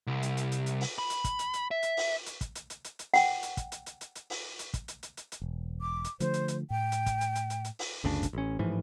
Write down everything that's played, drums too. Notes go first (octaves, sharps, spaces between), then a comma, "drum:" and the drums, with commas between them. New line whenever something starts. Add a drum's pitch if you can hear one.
C2
drum: hi-hat
drum: hi-hat
drum: hi-hat
drum: hi-hat
drum: open hi-hat
B5
drum: hi-hat
drum: kick, hi-hat
drum: hi-hat
drum: hi-hat
E5
drum: hi-hat
drum: open hi-hat
drum: hi-hat
drum: kick, hi-hat
drum: hi-hat
drum: hi-hat
drum: hi-hat
drum: hi-hat
F#5 G5, drum: open hi-hat
drum: hi-hat
drum: kick, hi-hat
drum: hi-hat
drum: hi-hat
drum: hi-hat
drum: hi-hat
drum: open hi-hat
drum: hi-hat
drum: kick, hi-hat
drum: hi-hat
drum: hi-hat
drum: hi-hat
drum: hi-hat
E1
D6
drum: hi-hat
D3 F3 A3 C5, drum: hi-hat
drum: hi-hat
drum: hi-hat
A2 G5
drum: hi-hat
drum: kick, hi-hat
drum: hi-hat
drum: hi-hat
drum: hi-hat
drum: hi-hat
drum: open hi-hat
G1 D2 C#3 D4
drum: kick, hi-hat
A1 C#4
A1 G#2 E3 F3